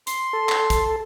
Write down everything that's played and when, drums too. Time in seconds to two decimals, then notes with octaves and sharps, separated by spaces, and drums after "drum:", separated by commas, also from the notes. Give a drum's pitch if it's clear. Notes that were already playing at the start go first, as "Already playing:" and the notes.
0.07 C6, drum: hi-hat
0.33 A4
0.49 drum: clap
0.70 drum: kick, hi-hat